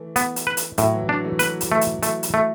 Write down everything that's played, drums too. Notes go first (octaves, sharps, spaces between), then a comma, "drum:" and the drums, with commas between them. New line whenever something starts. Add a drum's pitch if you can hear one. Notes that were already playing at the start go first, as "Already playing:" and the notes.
Already playing: E3 A3
B3, drum: hi-hat
drum: hi-hat
B4
drum: hi-hat
A2 F#3, drum: hi-hat
E3
F#3 D4
E3 A3
F#3 B4, drum: hi-hat
drum: hi-hat
A3
drum: hi-hat
A3, drum: hi-hat
drum: hi-hat
A3